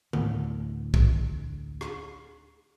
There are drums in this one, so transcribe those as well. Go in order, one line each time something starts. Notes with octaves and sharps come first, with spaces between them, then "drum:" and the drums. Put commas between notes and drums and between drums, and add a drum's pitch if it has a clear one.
D2 A2, drum: tom D3
drum: kick
drum: rim click